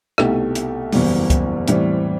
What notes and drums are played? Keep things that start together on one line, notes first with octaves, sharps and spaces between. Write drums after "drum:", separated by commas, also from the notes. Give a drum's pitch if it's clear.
C2 B2 A3 D#4 G4, drum: rim click
drum: hi-hat
F#1 E2 B2 G3, drum: open hi-hat
drum: kick C#2, hi-hat
A2 E3 G3 C4, drum: hi-hat